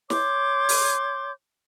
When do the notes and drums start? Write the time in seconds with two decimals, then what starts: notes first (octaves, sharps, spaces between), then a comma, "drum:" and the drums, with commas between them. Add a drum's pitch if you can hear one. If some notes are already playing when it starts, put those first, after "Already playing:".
0.10 C#5 C6 D6 G6, drum: snare
0.69 drum: open hi-hat